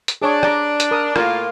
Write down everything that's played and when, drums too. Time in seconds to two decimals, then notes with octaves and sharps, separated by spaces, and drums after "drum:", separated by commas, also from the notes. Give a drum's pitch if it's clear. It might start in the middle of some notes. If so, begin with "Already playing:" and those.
0.08 drum: hi-hat
0.22 D4 G#4 C#5 C#6
0.43 D5 A#5 D6, drum: rim click
0.80 drum: hi-hat
0.91 A#4 D#6
1.16 A2 A#3 F4 A#4, drum: rim click